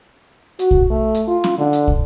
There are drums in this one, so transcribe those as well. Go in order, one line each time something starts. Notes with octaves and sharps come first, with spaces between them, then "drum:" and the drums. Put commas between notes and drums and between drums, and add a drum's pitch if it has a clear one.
F#4, drum: hi-hat
drum: kick
A3
drum: hi-hat
F4
drum: snare C#4
D3
drum: hi-hat
drum: kick